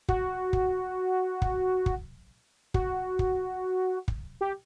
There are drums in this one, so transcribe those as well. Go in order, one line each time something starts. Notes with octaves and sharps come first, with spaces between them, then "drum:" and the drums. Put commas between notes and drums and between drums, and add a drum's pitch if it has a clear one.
F#4, drum: kick
drum: kick
drum: kick
drum: kick
F#4, drum: kick
drum: kick
drum: kick
G4